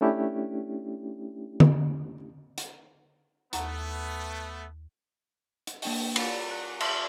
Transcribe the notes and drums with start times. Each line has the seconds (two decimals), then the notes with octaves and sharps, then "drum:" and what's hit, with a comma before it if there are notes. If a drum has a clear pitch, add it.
0.01 A3 C#4 D4 E4 G4
1.60 drum: tom D3
2.58 drum: hi-hat
3.53 D#2 A3 B3 F#5 A#5, drum: hi-hat
5.67 drum: hi-hat
5.82 A#3 D4 G5 C#6, drum: open hi-hat
6.16 B5 A6, drum: cymbal
6.51 F#6
6.80 E5 A5 C6 C#6 E6 F6, drum: cymbal